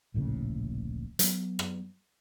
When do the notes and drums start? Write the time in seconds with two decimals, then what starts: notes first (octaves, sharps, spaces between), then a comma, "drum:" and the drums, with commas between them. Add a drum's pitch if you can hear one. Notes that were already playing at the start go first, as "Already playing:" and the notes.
0.14 D1 A#1 A2 C#3
1.19 F#3 B3, drum: hi-hat
1.59 drum: rim click